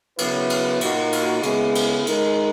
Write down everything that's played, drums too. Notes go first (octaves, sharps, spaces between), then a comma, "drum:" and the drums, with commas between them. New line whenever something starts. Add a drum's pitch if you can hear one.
C#3 F#3 B3 E4 B4, drum: cymbal
drum: cymbal
A#2 A#3 D#4 F#4, drum: cymbal
drum: cymbal
C#3 G#3 B3 E4 G#4, drum: cymbal
drum: cymbal
G#3 D#4 A#4, drum: cymbal